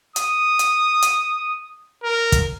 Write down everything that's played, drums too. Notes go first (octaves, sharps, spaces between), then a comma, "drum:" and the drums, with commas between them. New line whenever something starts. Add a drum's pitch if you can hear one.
D#6, drum: hi-hat
drum: hi-hat
drum: hi-hat
A#4
drum: kick, hi-hat